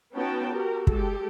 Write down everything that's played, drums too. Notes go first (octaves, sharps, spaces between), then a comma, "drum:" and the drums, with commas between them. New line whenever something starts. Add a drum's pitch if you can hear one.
B3 C#4 D#4 F#4 G5 A5
F#4 G4 A#4
G#3 G4 A4, drum: kick